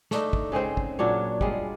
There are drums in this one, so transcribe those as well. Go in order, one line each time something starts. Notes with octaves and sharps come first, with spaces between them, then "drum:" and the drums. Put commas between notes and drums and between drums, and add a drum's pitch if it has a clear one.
A3 D4 D#4, drum: snare
drum: kick
C#3 G#3 C4 C5
drum: kick
A#2 F#3 D4 C#5
G3 G#3 F4, drum: kick